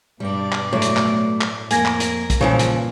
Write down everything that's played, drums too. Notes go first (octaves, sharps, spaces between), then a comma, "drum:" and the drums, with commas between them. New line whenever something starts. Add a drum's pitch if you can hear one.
G2 B2 G3 D4 D5
drum: clap
A2 F#3 A3
drum: hi-hat
drum: clap
drum: clap
F2 A#3 A#4 G#5 G#6 A#6, drum: hi-hat
drum: clap
drum: hi-hat
drum: kick, hi-hat
G2 A#2 C#3 E3 F3 A#3
drum: hi-hat